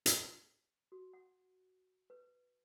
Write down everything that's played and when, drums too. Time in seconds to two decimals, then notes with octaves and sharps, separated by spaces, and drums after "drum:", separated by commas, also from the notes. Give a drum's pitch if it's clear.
0.06 drum: hi-hat
0.92 F#4
1.13 F#5
2.10 B4